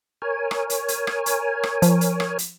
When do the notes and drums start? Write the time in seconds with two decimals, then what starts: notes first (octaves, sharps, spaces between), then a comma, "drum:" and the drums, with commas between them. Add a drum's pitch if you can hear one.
0.22 A#4 C#5 G#5
0.51 drum: rim click
0.70 drum: hi-hat
0.88 drum: hi-hat
1.07 drum: rim click
1.26 drum: hi-hat
1.63 drum: rim click
1.82 F3, drum: hi-hat
2.01 drum: hi-hat
2.20 drum: rim click
2.38 drum: hi-hat